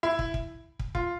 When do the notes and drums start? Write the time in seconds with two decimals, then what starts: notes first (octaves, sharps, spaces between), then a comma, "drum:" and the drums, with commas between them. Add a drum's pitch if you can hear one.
0.03 E4
0.19 drum: kick
0.34 drum: kick
0.79 drum: kick
0.95 F4, drum: kick